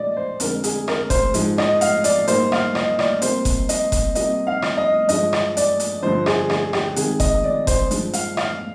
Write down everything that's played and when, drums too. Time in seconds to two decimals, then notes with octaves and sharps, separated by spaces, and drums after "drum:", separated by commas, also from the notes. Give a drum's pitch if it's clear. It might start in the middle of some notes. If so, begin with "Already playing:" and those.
Already playing: A#2 G#3 D5 D#5
0.17 C5
0.40 F2 D3 G#3 A#4, drum: hi-hat
0.64 G#4, drum: hi-hat
0.88 A#4, drum: rim click
1.10 C5, drum: kick F#1, hi-hat
1.34 G#2 F3 G#3, drum: hi-hat
1.58 D#5, drum: rim click
1.81 F5, drum: hi-hat
2.04 D5, drum: hi-hat
2.28 G#2 G3 A#3 C5, drum: hi-hat
2.52 F5, drum: rim click
2.75 D#5, drum: rim click
2.99 D5, drum: rim click
3.22 C3 G3 A#3 C5, drum: hi-hat
3.45 drum: kick F#1, hi-hat
3.69 D#5, drum: hi-hat
3.92 drum: kick F#1, hi-hat
4.15 C3 G3 A#3 D#5, drum: hi-hat
4.47 F5
4.62 drum: rim click
4.77 D#5
5.09 G2 F3 G#3 D#5, drum: hi-hat
5.33 drum: rim click
5.57 D5, drum: hi-hat
5.80 drum: hi-hat
6.02 G2 D3 F3 C5
6.26 G#4, drum: rim click
6.50 G#4, drum: rim click
6.73 G4, drum: rim click
6.96 C3 D#3 G#3 G#4, drum: hi-hat
7.20 D#5, drum: kick F#1, hi-hat
7.44 D5
7.67 C5, drum: kick F#1, hi-hat
7.91 G2 F3 G#3, drum: hi-hat
8.13 F5, drum: hi-hat
8.37 F5, drum: rim click